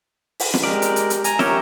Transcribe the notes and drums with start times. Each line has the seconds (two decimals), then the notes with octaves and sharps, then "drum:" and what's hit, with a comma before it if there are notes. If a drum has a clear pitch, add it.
0.40 drum: open hi-hat
0.54 drum: snare
0.63 G#3 G4 A#4 D5
0.82 drum: hi-hat
0.96 drum: hi-hat
1.10 drum: hi-hat
1.24 G#5 A#5, drum: hi-hat
1.39 G4 A#4 C#5 E5 G5 A#5, drum: snare